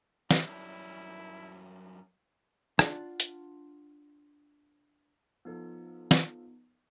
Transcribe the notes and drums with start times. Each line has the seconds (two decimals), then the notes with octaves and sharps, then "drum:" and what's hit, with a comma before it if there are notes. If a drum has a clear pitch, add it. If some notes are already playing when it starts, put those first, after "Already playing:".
0.31 F#2 G3 E4, drum: snare
2.79 D4 F4 F#5, drum: rim click
3.20 drum: hi-hat
5.45 F3 B3 D#4 A4
6.11 drum: snare